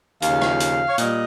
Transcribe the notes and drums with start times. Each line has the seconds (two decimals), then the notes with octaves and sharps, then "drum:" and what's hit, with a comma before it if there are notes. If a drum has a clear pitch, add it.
0.22 D#2 C#3 F3 F5, drum: hi-hat
0.42 drum: rim click
0.60 drum: hi-hat
0.88 C#5
0.98 A#2 G3 D#5, drum: hi-hat